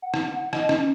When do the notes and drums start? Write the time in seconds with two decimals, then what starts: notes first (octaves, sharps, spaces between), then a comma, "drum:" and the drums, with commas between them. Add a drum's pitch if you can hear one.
0.02 F#5
0.14 drum: rim click
0.36 F#5
0.53 D#5, drum: rim click
0.69 C#4, drum: rim click